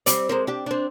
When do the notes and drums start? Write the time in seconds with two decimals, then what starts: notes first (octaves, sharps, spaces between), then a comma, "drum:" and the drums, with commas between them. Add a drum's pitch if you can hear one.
0.06 G3 C4 D5, drum: hi-hat
0.29 G#3 A#4 C5
0.47 D4 G4
0.66 C4 D4